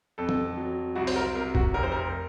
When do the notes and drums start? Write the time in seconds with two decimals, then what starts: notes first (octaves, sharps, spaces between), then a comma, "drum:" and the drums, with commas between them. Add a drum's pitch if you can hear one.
0.18 F2 A4
0.29 drum: tom E3
0.58 F#3
0.95 C2 F#4
1.07 C5, drum: open hi-hat
1.16 A#4
1.35 C3 A#4
1.55 F#4, drum: kick A1
1.74 F1 A#4
1.83 C5
1.92 A#4